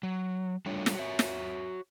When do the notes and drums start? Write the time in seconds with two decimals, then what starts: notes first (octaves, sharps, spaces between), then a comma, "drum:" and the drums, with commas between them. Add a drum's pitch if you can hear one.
0.03 F#3
0.66 G3 A3 D4 F4 C#5
0.86 drum: snare
0.95 F#4 C#5 E5
1.19 drum: snare